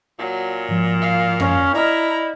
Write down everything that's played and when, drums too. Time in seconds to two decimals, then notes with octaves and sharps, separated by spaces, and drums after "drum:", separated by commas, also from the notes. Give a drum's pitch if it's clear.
0.19 A#2 F#3
0.69 G#2 F3
1.01 F5
1.40 C#4, drum: tom F#2
1.74 E4 D5 D#5 A#5 F6